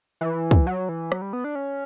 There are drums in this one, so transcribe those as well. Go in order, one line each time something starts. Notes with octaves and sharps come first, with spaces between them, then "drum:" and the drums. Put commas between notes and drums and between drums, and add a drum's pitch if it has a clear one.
E3
drum: kick
F#3
E3
F#3, drum: rim click
G3
B3
D4
C#4